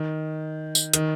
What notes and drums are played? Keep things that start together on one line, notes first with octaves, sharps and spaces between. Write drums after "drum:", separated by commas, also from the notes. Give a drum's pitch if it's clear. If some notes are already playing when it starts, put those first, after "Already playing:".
Already playing: D#3
drum: tambourine
D#3, drum: hi-hat